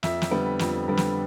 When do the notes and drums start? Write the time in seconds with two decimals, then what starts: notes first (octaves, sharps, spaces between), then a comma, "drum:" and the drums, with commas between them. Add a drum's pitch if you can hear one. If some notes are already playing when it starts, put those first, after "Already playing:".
0.03 F2 E5, drum: snare
0.22 drum: snare
0.31 D3 G3 B3
0.59 F2, drum: snare
0.88 D3 G3 B3
0.97 drum: snare